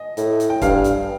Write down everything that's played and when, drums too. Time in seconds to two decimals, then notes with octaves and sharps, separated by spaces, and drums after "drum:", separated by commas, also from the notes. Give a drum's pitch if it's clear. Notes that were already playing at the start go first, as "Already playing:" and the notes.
Already playing: D#5
0.17 A2, drum: hi-hat
0.40 drum: hi-hat
0.50 G5
0.61 G2 F5, drum: kick, hi-hat
0.84 drum: hi-hat